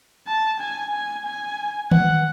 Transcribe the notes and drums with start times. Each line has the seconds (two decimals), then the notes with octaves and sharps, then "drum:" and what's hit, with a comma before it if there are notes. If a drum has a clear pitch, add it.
0.27 A5
0.60 G#5
0.93 G#5
1.25 G#5
1.91 F#5, drum: tom D#3